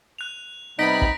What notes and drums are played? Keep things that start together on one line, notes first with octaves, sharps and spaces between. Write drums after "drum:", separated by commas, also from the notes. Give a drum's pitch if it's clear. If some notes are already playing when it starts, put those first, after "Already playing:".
F#6 F7
C3 G3 B3 D#4 B5 A#6 B6 D7
drum: kick